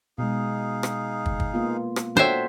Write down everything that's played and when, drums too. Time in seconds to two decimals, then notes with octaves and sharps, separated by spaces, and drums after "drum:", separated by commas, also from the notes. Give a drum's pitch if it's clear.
0.18 B2 G#3 D#4 G#4 F5
0.83 drum: rim click
1.26 drum: kick
1.40 drum: kick
1.54 A#3 B3 F4
1.96 drum: rim click
2.17 D4 F#4 A4 C5 C#5 E5 G5